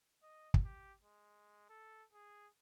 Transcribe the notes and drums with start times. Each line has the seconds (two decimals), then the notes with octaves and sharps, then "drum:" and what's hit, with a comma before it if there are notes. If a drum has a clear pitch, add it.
0.23 D#5
0.54 drum: kick
0.65 G4
1.03 G#3
1.69 A4
2.13 G#4